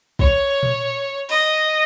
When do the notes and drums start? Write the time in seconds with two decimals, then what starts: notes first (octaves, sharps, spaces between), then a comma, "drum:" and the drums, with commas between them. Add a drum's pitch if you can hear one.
0.19 C#5, drum: kick
0.63 drum: tom A#2
1.29 D#5, drum: cymbal